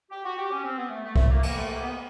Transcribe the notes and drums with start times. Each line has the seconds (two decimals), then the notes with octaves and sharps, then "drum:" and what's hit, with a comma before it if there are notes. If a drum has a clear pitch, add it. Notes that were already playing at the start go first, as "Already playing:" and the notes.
0.11 G4
0.25 F#4
0.37 G4
0.50 C#4
0.64 C4
0.77 B3
0.90 A3
1.03 A3
1.16 A3, drum: kick C2
1.29 A#3
1.43 A#3, drum: cymbal
1.56 A3
1.69 A#3
1.81 B3